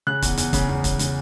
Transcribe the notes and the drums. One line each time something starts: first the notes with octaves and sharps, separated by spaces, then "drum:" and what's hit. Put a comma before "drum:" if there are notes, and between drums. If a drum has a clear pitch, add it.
C#3 F#6
E2, drum: kick, hi-hat
E2, drum: hi-hat
C#3, drum: kick, hi-hat
E2
C#3, drum: kick, hi-hat
C#3, drum: hi-hat